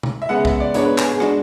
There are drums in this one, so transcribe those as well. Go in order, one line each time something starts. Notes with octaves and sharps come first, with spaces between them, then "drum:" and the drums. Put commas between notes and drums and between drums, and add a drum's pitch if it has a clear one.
drum: tom B2
E5
C#3 G#3 B3 F#5
E5, drum: kick
D5
G#2 G#3 B3 D4 C#5, drum: hi-hat
B4
G#4, drum: clap
G#4
G#3 D4 F#4, drum: rim click